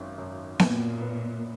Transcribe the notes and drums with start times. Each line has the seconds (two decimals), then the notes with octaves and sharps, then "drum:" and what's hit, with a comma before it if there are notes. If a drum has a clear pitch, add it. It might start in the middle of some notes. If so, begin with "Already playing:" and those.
Already playing: G#1 F#2
0.18 F#2
0.59 A#2 B3, drum: snare B3
1.01 B3